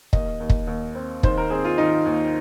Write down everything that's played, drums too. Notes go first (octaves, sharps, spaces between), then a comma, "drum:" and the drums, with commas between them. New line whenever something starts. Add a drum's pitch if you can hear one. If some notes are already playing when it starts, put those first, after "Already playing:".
D#2 D#5, drum: kick
D#2
drum: kick
D#2
C4
D#3 C5, drum: kick
A#4
C4 G#4
F4
D#3 D#4
D#2